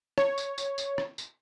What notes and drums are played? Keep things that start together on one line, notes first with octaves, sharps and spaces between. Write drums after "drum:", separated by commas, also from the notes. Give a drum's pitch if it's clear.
C#5, drum: rim click
drum: tambourine
drum: tambourine
drum: tambourine
drum: rim click
drum: tambourine